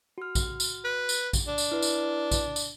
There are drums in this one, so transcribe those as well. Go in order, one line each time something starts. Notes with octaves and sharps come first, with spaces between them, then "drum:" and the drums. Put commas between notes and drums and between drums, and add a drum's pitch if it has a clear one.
F#4 F6
drum: kick A#1, tambourine
drum: tambourine
B4
drum: tambourine
drum: kick A#1, tambourine
D4
drum: tambourine
E4 B4
drum: tambourine
drum: kick A#1, tambourine
drum: tambourine